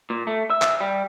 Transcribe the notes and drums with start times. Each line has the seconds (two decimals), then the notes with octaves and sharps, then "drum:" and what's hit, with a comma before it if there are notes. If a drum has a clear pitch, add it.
0.10 A#2
0.27 A3
0.50 E5
0.62 drum: clap
0.80 G3